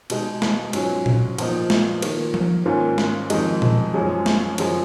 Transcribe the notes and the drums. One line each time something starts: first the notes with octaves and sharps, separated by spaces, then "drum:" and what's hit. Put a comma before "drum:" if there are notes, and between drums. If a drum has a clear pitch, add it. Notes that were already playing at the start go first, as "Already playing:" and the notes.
B2 G#3 B3 D#4, drum: cymbal
drum: snare
G#2 F#3 C#4 F4, drum: cymbal
drum: tom A#2
A#2 F3 B3 D#4, drum: cymbal
drum: snare
D#3 A#3 F4, drum: cymbal
drum: tom F3
G#2 D#3 A#3 C#4 F4
drum: snare
F2 D#3 G#3 D#4, drum: cymbal
drum: tom A#2
F#2 F3 G#3 C#4
drum: snare
F#2 C#3 F3 G#3 C#4, drum: cymbal